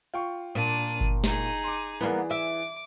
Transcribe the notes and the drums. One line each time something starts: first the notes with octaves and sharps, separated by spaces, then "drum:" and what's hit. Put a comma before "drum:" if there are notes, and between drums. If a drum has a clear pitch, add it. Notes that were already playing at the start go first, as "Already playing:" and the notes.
F4 G5 C#6
A#2 D4 D#7
drum: kick G1
D#4 G#4, drum: snare
C6 D6
E3 A#3 B3 G#4 D5
E5 D6